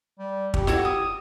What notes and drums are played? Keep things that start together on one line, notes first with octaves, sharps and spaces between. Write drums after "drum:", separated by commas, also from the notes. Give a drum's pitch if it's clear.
G3
G4, drum: kick
E4 F#4 C#5, drum: snare
D#6